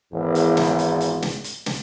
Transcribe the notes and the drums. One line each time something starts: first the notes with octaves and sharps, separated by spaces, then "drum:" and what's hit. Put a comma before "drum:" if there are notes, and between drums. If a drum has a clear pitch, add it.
G#1 E2
drum: hi-hat
drum: snare
drum: hi-hat
drum: hi-hat
drum: snare
drum: hi-hat
drum: snare